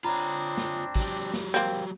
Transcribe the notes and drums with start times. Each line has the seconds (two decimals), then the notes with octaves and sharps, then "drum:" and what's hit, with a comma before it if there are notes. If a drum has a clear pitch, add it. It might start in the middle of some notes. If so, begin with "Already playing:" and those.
0.04 C4 D4 F4 C#5 A#5 B5
0.57 drum: snare
0.96 F#3 G4, drum: kick
1.34 drum: snare
1.54 A#3 C4